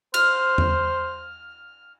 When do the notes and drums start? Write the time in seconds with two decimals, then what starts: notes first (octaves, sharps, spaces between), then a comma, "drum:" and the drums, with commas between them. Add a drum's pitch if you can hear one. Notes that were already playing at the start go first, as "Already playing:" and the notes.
0.14 C5 F6, drum: cymbal
0.58 drum: tom E2